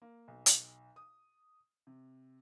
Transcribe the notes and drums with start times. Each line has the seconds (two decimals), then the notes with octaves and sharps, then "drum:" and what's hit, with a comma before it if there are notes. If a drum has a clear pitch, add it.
0.02 A#3
0.28 B1
0.46 drum: hi-hat
0.96 D#6
1.87 C3